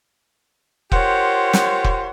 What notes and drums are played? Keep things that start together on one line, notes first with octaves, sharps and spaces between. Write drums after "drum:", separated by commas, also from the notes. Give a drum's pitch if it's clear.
F4 G4 A#4 C5 C#5 F#5, drum: kick
drum: snare
drum: kick